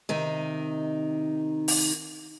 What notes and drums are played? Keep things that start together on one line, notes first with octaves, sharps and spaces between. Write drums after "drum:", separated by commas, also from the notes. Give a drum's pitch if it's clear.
C3 D#3 D#4
drum: open hi-hat